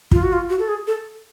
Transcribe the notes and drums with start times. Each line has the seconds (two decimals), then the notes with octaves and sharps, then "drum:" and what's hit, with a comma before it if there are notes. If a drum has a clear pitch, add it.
0.11 F4, drum: kick
0.23 F#4
0.33 F4
0.50 F#4
0.59 A4
0.68 G#4
0.87 A4